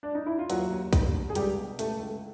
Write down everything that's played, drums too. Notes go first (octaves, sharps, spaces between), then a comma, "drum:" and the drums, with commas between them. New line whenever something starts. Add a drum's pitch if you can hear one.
D4
D#4
E4
F4
D#2 F#3 F#4, drum: hi-hat
D#2
D#2, drum: kick, hi-hat
D3
G#4
C#2 G3 G4, drum: hi-hat
B2
C#2 A3 A4, drum: hi-hat
C#2